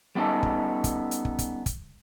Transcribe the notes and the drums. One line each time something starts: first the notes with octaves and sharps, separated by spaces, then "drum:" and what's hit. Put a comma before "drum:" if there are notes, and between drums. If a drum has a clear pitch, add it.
G3 B3 C#4 D#4 A4
drum: kick
drum: kick, hi-hat
drum: hi-hat
drum: kick
drum: kick, hi-hat
drum: kick, hi-hat